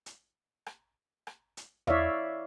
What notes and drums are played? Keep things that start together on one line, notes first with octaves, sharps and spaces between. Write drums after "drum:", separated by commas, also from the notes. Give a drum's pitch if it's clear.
drum: hi-hat
drum: rim click
drum: rim click
drum: hi-hat
E4 C#5 D5 E5 F5, drum: tom E2